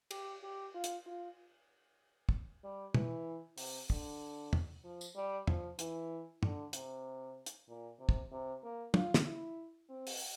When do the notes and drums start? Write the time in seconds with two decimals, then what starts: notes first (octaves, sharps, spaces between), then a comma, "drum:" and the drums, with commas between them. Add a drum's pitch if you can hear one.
0.11 G4, drum: cymbal
0.43 G4
0.74 F4
0.84 drum: hi-hat
1.06 F4
2.29 drum: kick
2.64 G3
2.94 E3, drum: tom
3.58 C3, drum: open hi-hat
3.90 D3, drum: kick
4.53 drum: tom
4.84 F3
5.01 drum: tambourine
5.16 G3
5.47 F3, drum: tom
5.79 E3, drum: hi-hat
6.43 D3, drum: tom
6.73 C3, drum: hi-hat
7.46 drum: hi-hat
7.69 A#2
8.00 C3
8.09 drum: kick
8.32 C3
8.63 A#3
8.94 F4, drum: tom
9.14 drum: snare
9.26 E4
9.89 C4
10.07 drum: open hi-hat